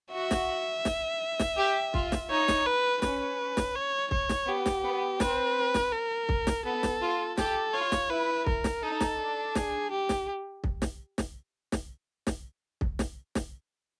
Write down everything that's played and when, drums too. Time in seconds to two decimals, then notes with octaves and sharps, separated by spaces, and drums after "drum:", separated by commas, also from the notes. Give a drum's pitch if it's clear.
0.12 F#4 E5
0.31 drum: snare
0.85 drum: snare
1.40 drum: snare
1.57 G4
1.94 F4, drum: kick
2.12 drum: snare
2.30 D#4 C#5
2.48 drum: snare
2.66 B4
3.02 C#4 B4, drum: snare
3.57 drum: snare
3.75 C#5
4.11 C#5, drum: kick
4.29 drum: snare
4.47 B3 G4
4.66 drum: snare
4.84 B3
5.20 C4 B4, drum: snare
5.74 drum: snare
5.92 A#4
6.29 drum: kick
6.47 drum: snare
6.65 B3 A4
6.83 drum: snare
7.02 F4
7.38 G4 A4, drum: snare
7.73 F4 C#5
7.92 drum: snare
8.09 E4 B4
8.46 A#4, drum: kick
8.64 drum: snare
8.83 D#4 A4
9.01 drum: snare
9.18 D4
9.55 G#4, drum: snare
9.91 G4
10.09 drum: snare
10.64 drum: kick
10.82 drum: snare
11.18 drum: snare
11.72 drum: snare
12.27 drum: snare
12.81 drum: kick
12.99 drum: snare
13.35 drum: snare